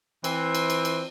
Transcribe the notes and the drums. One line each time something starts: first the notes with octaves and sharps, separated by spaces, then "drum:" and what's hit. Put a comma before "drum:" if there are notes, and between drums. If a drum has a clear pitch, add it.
E3 C4, drum: cymbal
drum: cymbal
drum: cymbal
drum: cymbal